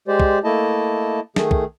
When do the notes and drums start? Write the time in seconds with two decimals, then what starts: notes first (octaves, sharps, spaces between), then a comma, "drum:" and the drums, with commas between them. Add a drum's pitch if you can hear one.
0.08 G#3 G4 C5 D5
0.20 drum: kick
0.44 A3 A#3 E4 D#5 A5
1.36 D#3 A3 G#4, drum: snare
1.51 drum: kick